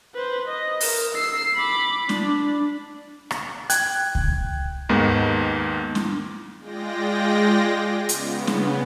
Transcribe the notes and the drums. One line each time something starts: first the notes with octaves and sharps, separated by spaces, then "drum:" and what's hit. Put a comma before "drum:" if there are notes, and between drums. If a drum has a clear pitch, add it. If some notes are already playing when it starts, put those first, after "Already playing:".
B4 C5
D#5
A#4, drum: open hi-hat
E6 C7
B5 D6
D4, drum: snare
drum: rim click
G5 F#6 G#6, drum: hi-hat
drum: kick C#2
D#2 G#2 D#3 B3
drum: snare
G#3 F4 D5 G5 A#6
C#3 B3, drum: hi-hat
drum: snare